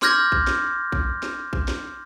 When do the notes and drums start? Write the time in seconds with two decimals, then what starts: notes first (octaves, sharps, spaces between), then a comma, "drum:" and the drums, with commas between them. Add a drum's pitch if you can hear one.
0.02 C6 D6 F6 G6 G#6 A#6, drum: snare
0.32 drum: kick A#1
0.47 drum: snare
0.92 drum: kick A#1
1.23 drum: snare
1.53 drum: kick A#1
1.68 drum: snare